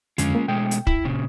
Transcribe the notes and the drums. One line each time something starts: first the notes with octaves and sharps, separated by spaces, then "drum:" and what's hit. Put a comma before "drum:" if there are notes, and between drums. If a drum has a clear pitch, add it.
F2 D3 G#3 C#4 F4, drum: hi-hat
A#3
B2 G#3 A3 G5
drum: hi-hat
E4, drum: kick
A#2 C#3